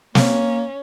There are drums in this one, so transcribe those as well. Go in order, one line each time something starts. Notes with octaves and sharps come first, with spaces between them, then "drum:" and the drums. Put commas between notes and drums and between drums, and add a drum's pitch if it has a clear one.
A#3 C#4, drum: snare